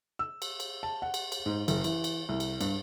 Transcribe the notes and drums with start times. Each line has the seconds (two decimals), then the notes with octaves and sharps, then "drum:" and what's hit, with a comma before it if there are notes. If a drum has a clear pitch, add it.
0.19 E6
0.42 drum: cymbal
0.60 drum: cymbal
0.83 A5
1.02 F#5
1.14 drum: cymbal
1.32 drum: cymbal
1.46 G#2
1.68 F#1, drum: cymbal
1.84 E3, drum: cymbal
2.04 drum: cymbal
2.29 C2
2.40 drum: cymbal
2.61 G2, drum: cymbal